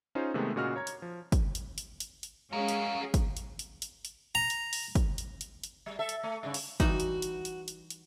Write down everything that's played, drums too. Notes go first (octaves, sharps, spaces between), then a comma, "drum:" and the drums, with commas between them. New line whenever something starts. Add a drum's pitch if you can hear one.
C#4 D#4 F4 G#4 C5
C3 D#3 G#3 A3 B3
A#2 C#3 F#4 D#5 F6
C#5 A#5 G#6
drum: hi-hat
F3
drum: kick, hi-hat
drum: hi-hat
drum: hi-hat
drum: hi-hat
drum: hi-hat
G#3 C#4 F#4 G#4 A#4 F5
drum: hi-hat
drum: kick, hi-hat
drum: hi-hat
drum: hi-hat
drum: hi-hat
drum: hi-hat
A#5
drum: hi-hat
drum: open hi-hat
drum: kick, hi-hat
drum: hi-hat
drum: hi-hat
drum: hi-hat
G3
A4 E5
drum: hi-hat
A3
G2 C#3
drum: open hi-hat
E3 G3 D#4 F#4, drum: kick, hi-hat
drum: hi-hat
drum: hi-hat
drum: hi-hat
drum: hi-hat
drum: hi-hat